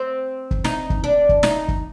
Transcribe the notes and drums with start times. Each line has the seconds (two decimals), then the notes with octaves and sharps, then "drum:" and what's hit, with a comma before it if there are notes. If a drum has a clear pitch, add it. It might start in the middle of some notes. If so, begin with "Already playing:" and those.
Already playing: C4
0.51 drum: kick
0.64 D#4, drum: snare
0.90 drum: kick
1.04 D4
1.29 drum: kick
1.43 D#4, drum: snare
1.68 drum: kick